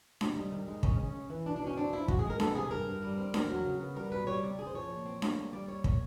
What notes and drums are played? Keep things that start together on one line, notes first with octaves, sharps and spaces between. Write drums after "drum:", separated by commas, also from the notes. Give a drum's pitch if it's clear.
C3, drum: snare D4
G3 D#4
D#3
G#3 D#4
C#3 C#4, drum: kick
C#4
C#3
E3
B2 D4
D4
B2
C#4
C4 D4
F3 E4
F#2 F#4, drum: kick
G#4
G#3
A#4
B3 A4, drum: snare D4
C3 G#4
G2 A#4
G2
G3
C4
E2 A#4, drum: snare D4
F#3
C#3
B3
G3 A#4
B2 B4
G3 C#5
C3 D5
C#3 G#4
C5
F3 C#5
A#2
C4
A#3, drum: snare D4
G3
G3 D5
D#2 C#5
A#3 C#5, drum: kick